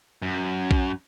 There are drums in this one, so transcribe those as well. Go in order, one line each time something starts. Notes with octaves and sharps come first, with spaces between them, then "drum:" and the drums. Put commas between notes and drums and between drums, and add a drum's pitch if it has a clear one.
F#2
drum: kick A#1